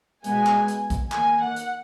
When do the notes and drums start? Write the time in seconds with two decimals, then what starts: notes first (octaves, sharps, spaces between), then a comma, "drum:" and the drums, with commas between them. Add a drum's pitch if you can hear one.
0.24 B2 G#3 B3 G#5, drum: hi-hat
0.46 drum: clap
0.68 drum: hi-hat
0.90 drum: kick, hi-hat
1.12 D#3 A#3 G#5, drum: clap
1.42 F#5
1.56 drum: hi-hat